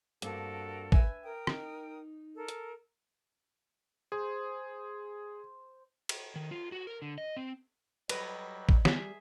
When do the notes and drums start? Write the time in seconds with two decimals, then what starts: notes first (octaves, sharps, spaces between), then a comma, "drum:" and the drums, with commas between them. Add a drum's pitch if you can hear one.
0.22 G2 A#3 C4 F#4 A4 A#4, drum: hi-hat
0.92 B4 E5 G#5, drum: kick
1.23 A#4 G5 D#6
1.47 D#4, drum: rim click
2.35 A4 A#4
2.48 drum: hi-hat
4.12 G#4 C5
6.09 drum: cymbal
6.36 D#3
6.51 F4
6.72 F#4
6.87 A#4
7.02 D3
7.18 D#5
7.37 C4
8.09 F#3 G3 B4 D#5, drum: cymbal
8.69 drum: kick
8.85 G3 G#4 E5, drum: snare